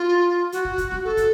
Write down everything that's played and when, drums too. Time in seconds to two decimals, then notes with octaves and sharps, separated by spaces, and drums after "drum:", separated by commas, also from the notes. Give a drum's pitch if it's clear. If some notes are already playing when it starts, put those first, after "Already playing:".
Already playing: F4
0.52 F#4, drum: hi-hat
0.65 drum: kick
0.78 drum: kick, hi-hat
0.91 drum: snare
1.04 A4
1.17 drum: kick, hi-hat